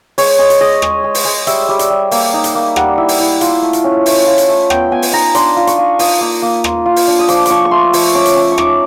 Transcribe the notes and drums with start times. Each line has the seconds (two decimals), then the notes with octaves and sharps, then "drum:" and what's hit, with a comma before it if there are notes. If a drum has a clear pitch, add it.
0.18 G#3 C#5, drum: open hi-hat
0.39 G#3 D#5
0.50 drum: hi-hat
0.61 G#3 D#5
0.82 G#3, drum: rim click
1.04 G#3
1.15 drum: open hi-hat
1.25 G#3
1.47 G3 E5, drum: hi-hat
1.69 G3
1.79 drum: hi-hat
1.90 G3
2.11 A#3, drum: open hi-hat
2.34 D#4
2.44 drum: hi-hat
2.55 A#3
2.76 G3 F#5, drum: rim click
2.98 E4
3.08 drum: open hi-hat
3.19 E4
3.41 F4, drum: hi-hat
3.62 A3
3.73 drum: hi-hat
3.84 C#4
4.06 A3, drum: open hi-hat
4.27 F4
4.38 drum: hi-hat
4.48 A3
4.70 B3 G5, drum: rim click
4.91 B3 G#5
5.02 drum: open hi-hat
5.13 D#4 A#5
5.35 D4 C6, drum: hi-hat
5.56 F4
5.67 C#6, drum: hi-hat
5.78 F4
5.99 F4 D#6, drum: open hi-hat
6.21 A#3
6.42 A#3
6.64 F4, drum: rim click
6.86 F4
6.96 drum: open hi-hat
7.07 D4
7.19 D#6
7.28 F3 D6, drum: hi-hat
7.46 F3 C#6 D6, drum: hi-hat
7.65 C#6
7.71 A3 C6
7.93 F3 C#6, drum: open hi-hat
8.15 C#4 D6
8.26 drum: hi-hat
8.36 C#4
8.52 C#6
8.58 D#4 D6, drum: rim click